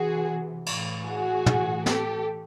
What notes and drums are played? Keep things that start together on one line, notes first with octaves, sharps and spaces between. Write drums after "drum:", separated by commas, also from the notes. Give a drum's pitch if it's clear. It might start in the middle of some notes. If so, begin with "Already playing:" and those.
Already playing: C3 E3 F#4 G#4
A2 E3, drum: cymbal
F#4 G#4
A2 E3, drum: tom
G4 A4, drum: snare